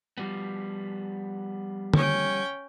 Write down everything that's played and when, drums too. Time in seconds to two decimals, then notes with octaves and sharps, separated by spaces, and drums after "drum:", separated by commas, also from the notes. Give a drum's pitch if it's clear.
0.18 F3 G3 B3
1.94 C#4 G5, drum: tom